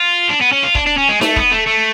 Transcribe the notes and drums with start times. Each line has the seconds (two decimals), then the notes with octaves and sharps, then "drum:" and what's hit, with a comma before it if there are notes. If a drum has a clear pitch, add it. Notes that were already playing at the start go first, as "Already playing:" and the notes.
Already playing: F4
0.29 D4
0.41 B3
0.52 C#4
0.63 F4
0.75 D4, drum: kick
0.87 D4
0.98 C#4
1.09 G#3
1.21 A3, drum: snare D#4
1.36 B3, drum: kick
1.51 A3
1.67 A3